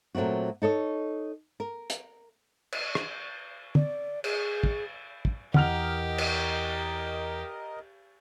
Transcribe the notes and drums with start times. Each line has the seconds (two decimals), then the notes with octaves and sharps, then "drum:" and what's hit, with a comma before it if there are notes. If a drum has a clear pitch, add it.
0.15 A#2 F#3 A3 C4 F#4
0.62 D#4 A4 C#5 D#5
1.60 A#4
1.90 drum: hi-hat
2.72 drum: cymbal
2.95 drum: rim click
3.75 D5, drum: tom
4.24 G#4, drum: cymbal
4.64 drum: kick
5.25 drum: kick
5.54 E2 E3 G4 A#4 D#5 F#5 F6 F7, drum: tom
6.18 drum: cymbal